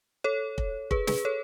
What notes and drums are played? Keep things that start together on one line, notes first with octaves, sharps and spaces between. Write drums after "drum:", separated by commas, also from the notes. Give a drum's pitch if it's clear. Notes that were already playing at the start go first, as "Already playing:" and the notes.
A4 C#5
drum: kick
G#4 B4, drum: kick
G#4 B4, drum: snare
A4 C#5